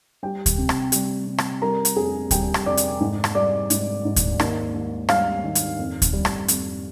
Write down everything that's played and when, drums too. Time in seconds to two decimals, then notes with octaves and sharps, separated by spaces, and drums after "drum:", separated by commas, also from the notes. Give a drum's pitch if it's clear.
0.23 G3 G4 G5
0.46 drum: kick D2, hi-hat
0.58 C3
0.69 drum: rim click
0.92 G3, drum: hi-hat
1.27 C3
1.38 drum: rim click
1.61 G3 A#4 A#5
1.85 drum: hi-hat
1.96 F2 G#4 G#5
2.31 G3 G4 G5, drum: kick D2, hi-hat
2.54 drum: rim click
2.66 F2 D5 D6
2.77 drum: hi-hat
3.00 G#2
3.24 drum: rim click
3.35 G3 D5 D6
3.70 G#2, drum: hi-hat
4.05 G#2
4.16 drum: kick D2, hi-hat
4.40 D#2, drum: rim click
4.74 D#2
5.09 G3 F5 F6, drum: rim click
5.44 D#3
5.55 drum: hi-hat
5.79 F2
6.02 drum: kick D2, hi-hat
6.13 G3
6.25 drum: rim click
6.48 F2, drum: hi-hat